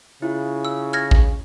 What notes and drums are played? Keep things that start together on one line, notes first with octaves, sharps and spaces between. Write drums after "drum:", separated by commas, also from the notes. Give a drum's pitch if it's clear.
C#3 E4 F4
E6
F6 G#6 A#6
drum: kick A1